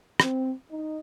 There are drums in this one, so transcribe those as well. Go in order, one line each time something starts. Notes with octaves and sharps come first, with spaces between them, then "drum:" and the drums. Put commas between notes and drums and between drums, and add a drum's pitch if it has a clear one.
C4, drum: rim click
D#4